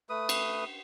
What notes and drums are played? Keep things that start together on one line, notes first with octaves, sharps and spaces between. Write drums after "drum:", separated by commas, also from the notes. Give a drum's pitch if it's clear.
A3 B4 D#6
drum: cymbal